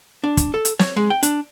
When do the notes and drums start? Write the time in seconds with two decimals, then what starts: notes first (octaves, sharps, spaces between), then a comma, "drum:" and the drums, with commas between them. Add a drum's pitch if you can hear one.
0.24 D4
0.37 drum: kick, hi-hat
0.54 A4
0.65 drum: hi-hat
0.79 C#5, drum: snare
0.96 G#3
1.10 G5
1.23 D4, drum: hi-hat